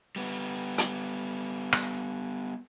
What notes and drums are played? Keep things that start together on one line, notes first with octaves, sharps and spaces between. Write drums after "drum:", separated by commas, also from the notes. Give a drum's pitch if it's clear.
G3 B3
drum: hi-hat
drum: rim click